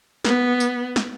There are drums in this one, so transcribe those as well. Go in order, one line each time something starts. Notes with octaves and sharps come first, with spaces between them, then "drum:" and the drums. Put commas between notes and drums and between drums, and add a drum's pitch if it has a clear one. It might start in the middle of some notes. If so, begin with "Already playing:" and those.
B3, drum: snare
drum: tambourine
drum: snare